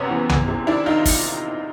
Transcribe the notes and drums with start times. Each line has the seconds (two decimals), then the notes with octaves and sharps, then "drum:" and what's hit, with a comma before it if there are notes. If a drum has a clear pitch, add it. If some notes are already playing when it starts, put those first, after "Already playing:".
Already playing: F#2 C3 B3 C#4
0.10 E3
0.29 E2, drum: tom B1
0.48 C3
0.67 D#3 D4 E4
0.86 D#3 D#4 F4
1.05 drum: kick, open hi-hat